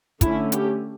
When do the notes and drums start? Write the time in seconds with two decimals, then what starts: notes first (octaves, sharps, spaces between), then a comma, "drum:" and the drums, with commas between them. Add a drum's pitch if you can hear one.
0.21 D3 A3 C#4 E4, drum: kick, hi-hat
0.52 G4, drum: hi-hat